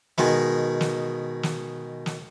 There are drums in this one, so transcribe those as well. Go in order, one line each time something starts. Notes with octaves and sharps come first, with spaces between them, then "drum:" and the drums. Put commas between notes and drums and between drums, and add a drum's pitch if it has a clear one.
B2 D#3 G#3, drum: snare
drum: snare
drum: snare
drum: snare